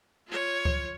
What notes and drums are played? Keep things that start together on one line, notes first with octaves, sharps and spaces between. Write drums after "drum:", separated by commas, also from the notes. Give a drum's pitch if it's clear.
F4 C#5
drum: kick C#2